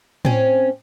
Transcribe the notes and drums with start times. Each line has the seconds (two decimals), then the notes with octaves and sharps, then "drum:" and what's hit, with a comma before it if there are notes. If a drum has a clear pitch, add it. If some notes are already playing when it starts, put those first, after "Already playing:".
0.25 C4 C#4, drum: tom A2